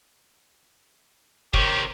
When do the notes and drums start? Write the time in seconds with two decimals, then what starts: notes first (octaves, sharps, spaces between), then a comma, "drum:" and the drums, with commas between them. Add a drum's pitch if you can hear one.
1.54 C3 D#3 G4 A#4 C5 C#5, drum: kick